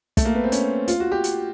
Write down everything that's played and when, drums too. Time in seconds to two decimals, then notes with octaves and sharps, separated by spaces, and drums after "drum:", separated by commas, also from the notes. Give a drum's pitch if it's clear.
0.17 A3, drum: kick, hi-hat
0.25 A#3
0.35 B3
0.44 C4
0.52 C#4, drum: hi-hat
0.88 F4, drum: hi-hat
1.00 F#4
1.12 G4
1.24 drum: hi-hat